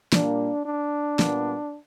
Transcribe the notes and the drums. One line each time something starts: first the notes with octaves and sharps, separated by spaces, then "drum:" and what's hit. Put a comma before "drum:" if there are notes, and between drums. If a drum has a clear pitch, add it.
A#2 G3 A#3 D4, drum: snare
D4
A#2 G3 B3, drum: snare